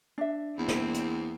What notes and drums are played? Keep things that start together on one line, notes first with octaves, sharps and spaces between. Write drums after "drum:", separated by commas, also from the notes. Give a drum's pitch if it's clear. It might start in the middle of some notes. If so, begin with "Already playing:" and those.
D4 E5
E2 A#3 C4
drum: snare
drum: hi-hat